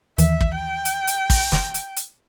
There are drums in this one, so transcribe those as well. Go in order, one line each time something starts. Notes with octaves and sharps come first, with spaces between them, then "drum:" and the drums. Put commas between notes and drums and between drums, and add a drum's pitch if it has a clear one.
D#2 D#3 E3 E5, drum: hi-hat
drum: kick
G5
drum: hi-hat
drum: hi-hat
drum: kick, open hi-hat
drum: snare
drum: hi-hat
drum: hi-hat